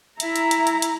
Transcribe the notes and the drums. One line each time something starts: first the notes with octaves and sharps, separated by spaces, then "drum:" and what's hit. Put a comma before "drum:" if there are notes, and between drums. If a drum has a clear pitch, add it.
E4 E5 A#5, drum: hi-hat
drum: hi-hat
drum: hi-hat
drum: hi-hat
drum: hi-hat